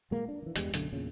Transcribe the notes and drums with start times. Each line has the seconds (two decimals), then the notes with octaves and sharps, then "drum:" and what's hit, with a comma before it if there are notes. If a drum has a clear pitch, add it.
0.11 A#2 G#3 A#3
0.28 D4
0.42 D#3 E3
0.56 E2 G2 G3 G#3, drum: hi-hat
0.74 B1 F#2 D3 A3, drum: hi-hat
0.93 E2 A#2 C#3 C#4